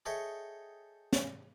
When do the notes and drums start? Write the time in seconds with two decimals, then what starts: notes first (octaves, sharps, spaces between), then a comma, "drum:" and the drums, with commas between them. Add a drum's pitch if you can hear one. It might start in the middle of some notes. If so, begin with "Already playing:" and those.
0.06 G#4 A4 C#5 D#5 E5 G5
1.13 drum: snare